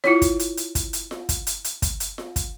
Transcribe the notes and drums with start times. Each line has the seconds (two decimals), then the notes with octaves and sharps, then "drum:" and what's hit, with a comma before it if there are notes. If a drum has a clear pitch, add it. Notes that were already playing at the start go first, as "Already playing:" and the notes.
0.04 E4 F4 C#5, drum: snare F4
0.22 drum: kick, hi-hat
0.39 drum: hi-hat
0.57 drum: hi-hat
0.75 drum: kick, hi-hat
0.93 drum: hi-hat
1.11 drum: snare F4
1.29 drum: kick, hi-hat
1.47 drum: hi-hat
1.64 drum: hi-hat
1.82 drum: kick, hi-hat
2.00 drum: hi-hat
2.18 drum: snare F4
2.36 drum: kick, hi-hat